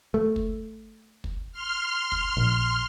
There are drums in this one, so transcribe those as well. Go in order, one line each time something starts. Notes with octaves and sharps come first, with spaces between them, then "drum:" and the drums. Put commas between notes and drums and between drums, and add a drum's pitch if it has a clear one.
A3
drum: kick
drum: kick
C6 F6
drum: kick
A#1